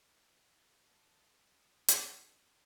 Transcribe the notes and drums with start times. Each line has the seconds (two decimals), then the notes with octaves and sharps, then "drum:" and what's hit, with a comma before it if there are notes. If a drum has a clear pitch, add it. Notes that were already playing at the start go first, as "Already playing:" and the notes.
0.84 A5
1.03 B1
1.52 D#6
1.88 G1 D4, drum: hi-hat